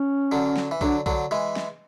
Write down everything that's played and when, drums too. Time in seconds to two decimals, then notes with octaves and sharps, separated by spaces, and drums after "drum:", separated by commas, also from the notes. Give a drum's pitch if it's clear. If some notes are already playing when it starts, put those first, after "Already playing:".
Already playing: C#4
0.31 D3 F#3
0.56 drum: snare
0.71 E3
0.81 D3 F#3 D4, drum: kick B1
1.06 D3 F#3, drum: kick B1
1.31 E3 G#3
1.56 drum: snare